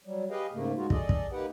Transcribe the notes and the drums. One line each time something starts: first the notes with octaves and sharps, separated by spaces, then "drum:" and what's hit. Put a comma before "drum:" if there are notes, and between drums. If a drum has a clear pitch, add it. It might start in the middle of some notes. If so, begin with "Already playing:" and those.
F#3 G3
G4 G#4 B4 D#5 F5 G5
G#2 C#3 A3 A#3
G#3 A#3 D#4 F4 F#4
G#4 A4 D5 D#5, drum: kick
drum: kick
A#3 D#4 G4 B4 F#5 G5